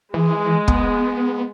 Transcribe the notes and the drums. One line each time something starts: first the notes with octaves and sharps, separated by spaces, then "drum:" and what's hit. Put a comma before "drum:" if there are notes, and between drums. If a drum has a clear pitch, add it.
E3 G#3
B3, drum: kick